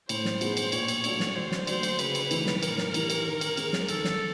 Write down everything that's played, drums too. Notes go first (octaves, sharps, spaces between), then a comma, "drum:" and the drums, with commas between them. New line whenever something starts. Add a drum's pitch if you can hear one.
A2 C5, drum: cymbal
drum: snare
F3 G#3 B3 D#4, drum: cymbal
drum: cymbal
A#2 C#5, drum: cymbal
drum: cymbal
F#3 A3 D4, drum: cymbal
drum: snare
D3 C5
drum: snare
F#3 A3 D4 C5, drum: cymbal
drum: cymbal
C#3 B4, drum: cymbal
drum: cymbal
E3 A3 C4 D#4, drum: cymbal
drum: snare
A2 A#4, drum: cymbal
drum: snare
E3 G3, drum: cymbal
drum: cymbal
D#3
drum: cymbal
G#3 C4, drum: cymbal
drum: snare
D#3 A4, drum: cymbal
drum: snare